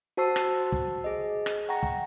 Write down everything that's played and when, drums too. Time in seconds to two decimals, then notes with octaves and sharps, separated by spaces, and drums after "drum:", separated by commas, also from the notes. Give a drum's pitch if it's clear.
0.17 F#4 C5 A5 C#6 E6 C7
0.36 drum: rim click
0.73 drum: kick
1.04 G#4 D#5
1.46 drum: rim click
1.69 F#5 G5 A#5 C#6 A#6
1.83 drum: kick